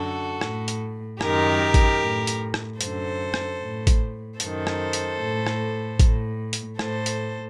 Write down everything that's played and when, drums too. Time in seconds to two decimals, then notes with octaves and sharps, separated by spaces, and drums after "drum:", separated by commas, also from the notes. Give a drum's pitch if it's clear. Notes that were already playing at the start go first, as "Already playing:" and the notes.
Already playing: F#2 D3 F#4 A4
0.41 A2, drum: rim click
0.68 drum: hi-hat
1.21 F#2 D#3 G4 A#4, drum: rim click
1.74 drum: kick A1, hi-hat
2.01 A2
2.27 drum: hi-hat
2.54 drum: rim click
2.81 F#2 D3 A4 C5, drum: hi-hat
3.34 drum: rim click
3.61 A2
3.87 drum: kick A1, hi-hat
4.40 F#2 D#3 A4 C5, drum: hi-hat
4.67 drum: rim click
4.93 drum: hi-hat
5.20 A2
5.47 drum: rim click
5.99 A2, drum: kick A1, hi-hat
6.53 drum: hi-hat
6.79 A2 A4 C5, drum: rim click
7.06 drum: hi-hat